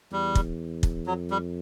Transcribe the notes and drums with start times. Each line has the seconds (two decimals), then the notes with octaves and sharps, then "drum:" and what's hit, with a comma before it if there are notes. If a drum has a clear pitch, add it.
0.12 E2 G3
0.35 drum: kick
0.83 drum: kick
1.06 F2 F#3
1.31 G3